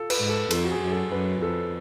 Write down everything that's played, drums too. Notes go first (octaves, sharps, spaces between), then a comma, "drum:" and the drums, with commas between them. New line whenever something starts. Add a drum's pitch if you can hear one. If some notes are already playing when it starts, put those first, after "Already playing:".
Already playing: F4 A4
B4, drum: cymbal
G#2
A4
F2 A4, drum: cymbal
F#4
G#4
F#2
A4
F#2 B4
F2 A4